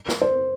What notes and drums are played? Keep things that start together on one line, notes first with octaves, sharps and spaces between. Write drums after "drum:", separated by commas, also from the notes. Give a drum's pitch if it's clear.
drum: snare
C5